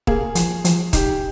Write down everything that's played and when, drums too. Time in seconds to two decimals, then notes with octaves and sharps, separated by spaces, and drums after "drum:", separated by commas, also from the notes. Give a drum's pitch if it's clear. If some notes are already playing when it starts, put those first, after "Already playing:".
0.07 A#3 G#4, drum: kick D#1
0.35 F3, drum: hi-hat
0.65 F3, drum: hi-hat
0.93 D#4 G4, drum: kick D#1, hi-hat